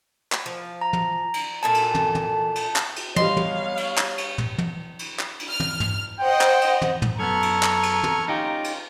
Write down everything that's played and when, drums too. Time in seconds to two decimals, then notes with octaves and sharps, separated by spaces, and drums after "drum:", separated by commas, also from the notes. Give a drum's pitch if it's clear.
0.32 drum: clap
0.46 F3
0.81 A#5
0.93 drum: tom
1.34 drum: cymbal
1.63 A#2 A4 G#5 A5
1.74 drum: cymbal
1.95 drum: tom
2.15 drum: tom
2.55 drum: cymbal
2.76 drum: clap
2.96 drum: cymbal
3.16 G3 B3 C#5 D#5 F5 C6, drum: tom
3.37 drum: tom
3.77 drum: cymbal
3.98 drum: clap
4.18 drum: cymbal
4.38 drum: tom
4.58 drum: tom
4.99 drum: cymbal
5.19 drum: clap
5.40 drum: cymbal
5.49 F6
5.60 drum: tom
5.80 drum: tom
6.20 C5 D#5 F#5 G5
6.41 drum: clap
6.61 drum: cymbal
6.82 drum: tom
7.02 drum: tom
7.19 F#2 B3 A4 A#5 C#6 F6 G#6
7.43 drum: cymbal
7.63 drum: clap
7.83 drum: cymbal
8.03 drum: tom
8.28 C#4 D#4 F4 G4
8.64 drum: cymbal